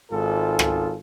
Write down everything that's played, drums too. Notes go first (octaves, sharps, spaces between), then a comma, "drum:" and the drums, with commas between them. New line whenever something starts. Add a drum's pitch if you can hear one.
G#1 G#2 F4 G#4 A4
drum: rim click